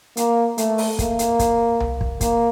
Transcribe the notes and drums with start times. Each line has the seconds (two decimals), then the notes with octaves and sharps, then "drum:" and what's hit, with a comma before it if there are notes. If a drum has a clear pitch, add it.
0.17 A#3, drum: hi-hat
0.58 A3, drum: hi-hat
0.78 drum: open hi-hat
0.99 A#3, drum: kick, hi-hat
1.19 drum: hi-hat
1.39 drum: kick, hi-hat
1.80 drum: tom C2
2.01 drum: kick
2.21 A#3, drum: kick, hi-hat